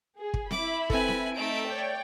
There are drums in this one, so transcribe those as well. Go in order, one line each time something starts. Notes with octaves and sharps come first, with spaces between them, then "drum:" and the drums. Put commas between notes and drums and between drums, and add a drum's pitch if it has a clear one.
G#4
drum: kick
E4 E5 B5 D6, drum: snare C4
C4 A4 B4 G#5, drum: kick
drum: snare C4
A3 D#4 E5 D7
C#5 D5 G5